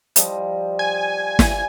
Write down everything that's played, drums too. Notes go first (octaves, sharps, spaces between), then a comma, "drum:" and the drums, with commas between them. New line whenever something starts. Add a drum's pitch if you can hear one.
F3 G3 D#5, drum: hi-hat
G#5
drum: snare